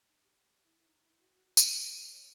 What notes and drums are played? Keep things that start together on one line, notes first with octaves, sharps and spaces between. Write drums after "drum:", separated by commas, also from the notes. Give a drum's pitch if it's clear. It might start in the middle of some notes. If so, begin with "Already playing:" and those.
D#4
G4
E4
D#4
E4
F#4
F#4
G4, drum: tambourine
G#4
A4
C#5